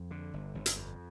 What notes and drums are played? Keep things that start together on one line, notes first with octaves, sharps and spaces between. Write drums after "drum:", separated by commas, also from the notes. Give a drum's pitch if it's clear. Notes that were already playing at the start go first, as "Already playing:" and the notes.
Already playing: F2
D3
G1
G1
drum: hi-hat
F2